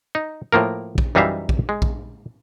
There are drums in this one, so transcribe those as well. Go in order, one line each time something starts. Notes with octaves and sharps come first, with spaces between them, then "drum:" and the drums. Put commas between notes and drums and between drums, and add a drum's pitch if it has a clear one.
D#4
A2 F3 A#3 A#4
drum: kick A#1
F#2 E3 G3 D#4 E5 F5
drum: kick A#1
G#3
drum: kick A#1